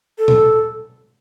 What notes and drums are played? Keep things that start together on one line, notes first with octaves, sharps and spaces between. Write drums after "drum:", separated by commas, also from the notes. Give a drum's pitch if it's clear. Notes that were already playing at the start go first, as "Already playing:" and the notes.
A4
drum: tom A#2